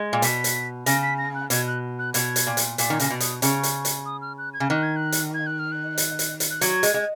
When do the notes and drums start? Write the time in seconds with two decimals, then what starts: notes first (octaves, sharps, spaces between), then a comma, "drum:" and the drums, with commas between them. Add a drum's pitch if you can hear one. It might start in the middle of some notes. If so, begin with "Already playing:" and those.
Already playing: G#3
0.13 A#2
0.22 B2 B6, drum: hi-hat
0.44 drum: hi-hat
0.86 C#3 A#6, drum: hi-hat
1.03 B6
1.18 A#6
1.35 F#6
1.50 B2 G#6, drum: hi-hat
1.67 F#6
1.99 F#6
2.14 B2 G#6, drum: hi-hat
2.36 drum: hi-hat
2.47 A#2
2.57 drum: hi-hat
2.78 A#2 B6, drum: hi-hat
2.90 D#3 G#6
2.99 C#3 A#6, drum: hi-hat
3.10 B2
3.20 D#6, drum: hi-hat
3.42 C#3 C#6, drum: hi-hat
3.63 drum: hi-hat
3.85 drum: hi-hat
4.06 D#6
4.21 F6
4.38 F#6
4.54 G#6
4.60 C#3
4.69 D#3 F#6
4.83 G#6
4.96 F#6
5.12 drum: hi-hat
5.34 G#6
5.47 F#6
5.59 F6
5.72 F#6
5.98 drum: hi-hat
6.19 drum: hi-hat
6.40 drum: hi-hat
6.51 F#6
6.61 F#3 G#6, drum: hi-hat
6.83 G#3, drum: hi-hat
6.94 G#3